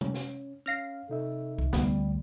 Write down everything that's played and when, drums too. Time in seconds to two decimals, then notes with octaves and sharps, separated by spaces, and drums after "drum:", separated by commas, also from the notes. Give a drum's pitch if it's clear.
0.01 C#4, drum: tom C3
0.14 drum: snare
0.66 C#4 F5 F6 A#6 C7
1.09 C3 D#4 A4 E5
1.58 drum: kick C2
1.73 D2 G3 B3, drum: snare